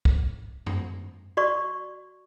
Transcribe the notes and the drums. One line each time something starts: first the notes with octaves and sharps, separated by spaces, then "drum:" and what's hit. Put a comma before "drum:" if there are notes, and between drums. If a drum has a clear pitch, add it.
drum: kick
drum: tom F#2
F#4 D5 C#6